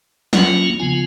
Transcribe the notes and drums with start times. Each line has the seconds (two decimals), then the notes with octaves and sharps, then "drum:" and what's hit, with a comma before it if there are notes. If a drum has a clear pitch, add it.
0.33 F#3 A#3 C#4 F4 F#5, drum: snare
0.79 C#3 F3 B3 F4 G#5